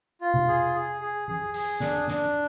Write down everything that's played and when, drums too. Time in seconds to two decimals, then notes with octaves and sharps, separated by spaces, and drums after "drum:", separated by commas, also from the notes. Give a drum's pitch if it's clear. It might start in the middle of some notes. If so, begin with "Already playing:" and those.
0.21 F4
0.34 drum: tom C3
0.48 G#4
0.75 G#4
1.01 G#4
1.28 G#4, drum: tom E3
1.54 G#4, drum: open hi-hat
1.80 D4, drum: snare
2.08 D4, drum: snare